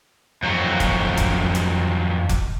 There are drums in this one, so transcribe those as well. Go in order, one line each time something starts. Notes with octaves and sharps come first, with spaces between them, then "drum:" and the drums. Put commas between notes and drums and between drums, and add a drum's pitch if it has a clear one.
F2 F#3
drum: kick F1, hi-hat
drum: kick F1, hi-hat
drum: hi-hat
drum: kick F1, hi-hat